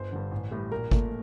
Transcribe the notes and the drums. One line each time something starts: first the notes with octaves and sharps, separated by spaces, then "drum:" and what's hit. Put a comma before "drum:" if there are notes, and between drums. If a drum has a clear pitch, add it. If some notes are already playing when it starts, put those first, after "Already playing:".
Already playing: G1 C5
G2 D3
A1
A2 G3
A#1 A#4
A#2 A3, drum: kick G#1